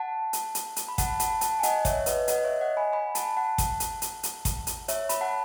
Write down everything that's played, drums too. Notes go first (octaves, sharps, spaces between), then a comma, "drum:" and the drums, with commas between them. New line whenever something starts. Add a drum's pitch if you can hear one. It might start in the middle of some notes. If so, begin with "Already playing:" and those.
Already playing: F#5 A5
drum: hi-hat
drum: hi-hat
drum: hi-hat
B5
F#5 A5, drum: kick, hi-hat
F#5 A5, drum: hi-hat
F#5 A5, drum: hi-hat
G#5
D#5 F#5, drum: hi-hat
C#5 E5, drum: kick, hi-hat
B4 D#5, drum: hi-hat
D#5 F#5, drum: hi-hat
C#5 E5
D#5 F#5
G#5 B5
G#5 B5
F#5 A5, drum: hi-hat
F#5 A5
drum: kick, hi-hat
drum: hi-hat
drum: hi-hat
drum: hi-hat
drum: kick, hi-hat
drum: hi-hat
C#5 E5, drum: hi-hat
B5, drum: hi-hat
F#5 A5